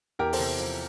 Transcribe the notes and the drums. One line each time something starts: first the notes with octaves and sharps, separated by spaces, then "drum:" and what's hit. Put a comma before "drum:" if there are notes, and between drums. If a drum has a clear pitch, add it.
E2 G4 A#4
A4 C5, drum: open hi-hat
C3
F3